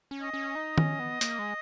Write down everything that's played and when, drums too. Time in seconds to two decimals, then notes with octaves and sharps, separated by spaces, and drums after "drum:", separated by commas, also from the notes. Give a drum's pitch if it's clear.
0.11 C#4
0.22 D#5
0.34 C#4
0.55 D#4
0.78 C#4, drum: tom D#3
0.99 B3
1.21 A#3, drum: hi-hat
1.39 G#3